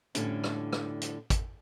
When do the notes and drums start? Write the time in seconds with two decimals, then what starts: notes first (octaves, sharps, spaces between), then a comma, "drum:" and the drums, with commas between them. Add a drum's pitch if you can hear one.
0.15 F2 A2 D3 G3 C#4 D4, drum: hi-hat
0.44 drum: rim click
0.73 drum: rim click
1.01 drum: hi-hat
1.30 drum: kick, hi-hat